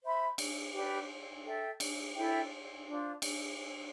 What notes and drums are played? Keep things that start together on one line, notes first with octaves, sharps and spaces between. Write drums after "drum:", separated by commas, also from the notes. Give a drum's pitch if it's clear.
C5 E5 B5
drum: cymbal
G4 B4 D5
A4 E5 G5
drum: cymbal
E4 A4 E5 G5
D4 F4 C5
drum: cymbal